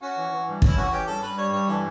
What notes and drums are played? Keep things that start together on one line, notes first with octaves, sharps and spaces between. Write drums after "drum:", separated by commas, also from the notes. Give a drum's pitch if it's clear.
C#4 F#4
E3
E3
G2
C#4, drum: kick
E4
E3 F#4
C#4 G4
G2 A4
G2 B4
G3 C#5
G2 C#5
E3 A4